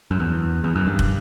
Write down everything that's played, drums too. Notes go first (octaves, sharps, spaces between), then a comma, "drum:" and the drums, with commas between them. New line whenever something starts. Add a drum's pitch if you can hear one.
F#2
E2
E2
F#2
G2
drum: kick